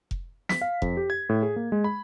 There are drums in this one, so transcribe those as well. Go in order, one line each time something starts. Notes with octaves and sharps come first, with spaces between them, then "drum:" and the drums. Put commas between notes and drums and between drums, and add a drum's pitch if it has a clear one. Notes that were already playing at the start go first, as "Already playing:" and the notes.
drum: kick F1
B6, drum: snare
F5
F2, drum: kick F1
G4
G#6
A2
G#4
A#3
G#3
B5